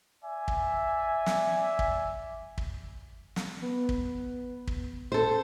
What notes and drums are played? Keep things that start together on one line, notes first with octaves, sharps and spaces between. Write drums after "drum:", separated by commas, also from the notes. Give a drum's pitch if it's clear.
D5 E5 G#5
drum: kick
drum: snare
drum: kick
drum: kick
drum: snare
B3
drum: kick
drum: kick
A4 C5